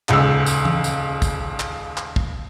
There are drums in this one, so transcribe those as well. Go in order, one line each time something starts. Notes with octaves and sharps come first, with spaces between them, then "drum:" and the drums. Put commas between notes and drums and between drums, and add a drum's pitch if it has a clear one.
D#1 C#2 C#3 E6, drum: clap
drum: tambourine
drum: tom E3
drum: tambourine
drum: kick, tambourine
drum: clap
drum: clap
drum: kick